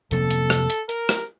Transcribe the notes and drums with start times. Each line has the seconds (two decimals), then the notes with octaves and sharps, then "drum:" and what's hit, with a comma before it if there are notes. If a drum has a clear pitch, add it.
0.11 F2 C3 F3 A#3 A4, drum: hi-hat
0.30 drum: hi-hat
0.50 drum: rim click
0.70 drum: hi-hat
0.89 A#4, drum: hi-hat
1.09 drum: rim click